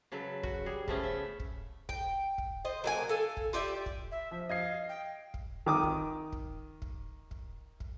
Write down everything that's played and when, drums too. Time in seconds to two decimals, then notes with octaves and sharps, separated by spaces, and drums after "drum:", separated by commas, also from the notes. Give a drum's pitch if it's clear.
0.12 C#3 F#3 A4 B4
0.43 F#4, drum: kick
0.66 G3 G#4
0.88 C#3 F3 A3 B3 C#4, drum: kick
1.00 A4 E5
1.40 drum: kick
1.89 G5, drum: kick
2.38 drum: kick
2.65 C5 D#5
2.84 F#3 A#3 G#5
3.09 A4 F5 G#5
3.37 drum: kick
3.53 F4 G4 D5 E5
3.86 drum: kick
4.12 E5
4.31 F3
4.49 D#5 F5 G#6 C7
4.89 G5
5.34 drum: kick
5.66 D#3 D6 D#6
5.83 drum: kick
6.32 drum: kick
6.82 drum: kick
7.31 drum: kick
7.80 drum: kick